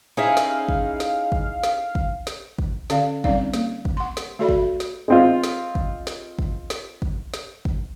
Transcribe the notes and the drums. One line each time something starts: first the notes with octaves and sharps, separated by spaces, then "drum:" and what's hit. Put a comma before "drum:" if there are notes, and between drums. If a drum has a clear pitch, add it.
C#4 D#4 E4 G#4 C#5 E5 F5
drum: snare
drum: kick
drum: snare
drum: kick
drum: snare
drum: kick
drum: snare
drum: kick
D3 C#4 D5 F5, drum: snare
G3 C4 C#4 D#4 D5 F5, drum: kick
A#3, drum: snare
drum: kick
F#5 C6
drum: snare
A3 F#4 A4 D5 E5 B5
drum: kick
drum: snare
G#3 C4 F4
drum: snare
drum: kick
drum: snare
drum: kick
drum: snare
drum: kick
drum: snare
drum: kick